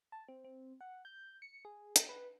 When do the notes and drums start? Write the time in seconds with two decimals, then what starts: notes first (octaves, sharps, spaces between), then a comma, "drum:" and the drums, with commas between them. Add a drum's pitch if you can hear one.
0.12 A5
0.28 C4
0.45 C4
0.81 F#5
1.05 G6
1.42 C#7
1.65 G#4
1.96 drum: hi-hat
2.09 B4